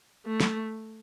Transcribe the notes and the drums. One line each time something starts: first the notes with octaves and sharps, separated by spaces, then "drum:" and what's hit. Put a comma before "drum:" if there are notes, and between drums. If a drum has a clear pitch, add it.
A3
drum: snare